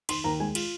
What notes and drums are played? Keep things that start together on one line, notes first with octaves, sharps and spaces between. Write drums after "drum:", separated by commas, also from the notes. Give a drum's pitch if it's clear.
D#3 C6, drum: cymbal
D#2 A#5
G#3 G#5
F4, drum: cymbal